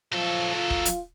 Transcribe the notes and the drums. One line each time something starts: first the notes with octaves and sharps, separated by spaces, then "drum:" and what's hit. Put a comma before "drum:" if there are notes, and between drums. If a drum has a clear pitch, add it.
F3 F#3 A4
F4
drum: kick
drum: hi-hat